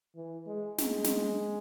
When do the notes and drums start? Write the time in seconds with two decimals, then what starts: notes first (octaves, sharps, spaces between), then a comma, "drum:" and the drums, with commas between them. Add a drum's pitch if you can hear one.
0.15 E3
0.47 G#3
0.78 G#3, drum: snare
1.04 drum: snare